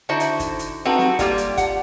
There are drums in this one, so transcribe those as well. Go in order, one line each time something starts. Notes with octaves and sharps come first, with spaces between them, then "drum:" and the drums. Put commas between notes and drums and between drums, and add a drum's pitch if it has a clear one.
D3 D#4 E4 F#4 C5
drum: hi-hat
drum: kick, hi-hat
drum: hi-hat
C4 D#4 F#4 A4 B4
drum: snare
G3 A#3 F4 G4, drum: kick, hi-hat
drum: hi-hat
F#5, drum: kick, hi-hat